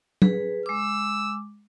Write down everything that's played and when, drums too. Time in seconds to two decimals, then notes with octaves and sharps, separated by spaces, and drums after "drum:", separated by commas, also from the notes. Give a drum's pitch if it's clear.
0.22 G#4 B4, drum: tom F#3
0.66 G#3 D6 E6